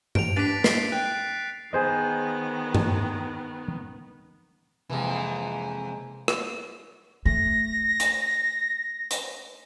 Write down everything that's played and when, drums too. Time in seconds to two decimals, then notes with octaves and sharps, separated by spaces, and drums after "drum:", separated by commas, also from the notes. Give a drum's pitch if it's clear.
0.15 D7 F7, drum: tom G2
0.36 D4 G4 B4 A6 B6
0.64 B6 C7, drum: snare
0.92 G5 F#6
1.73 D#3 B3 G#4 C5 D#5
2.75 drum: tom G2
4.90 F2 C3 E3 G#3 A#3 A4
6.28 drum: rim click
7.26 A3 A#6
8.00 drum: hi-hat
9.11 drum: hi-hat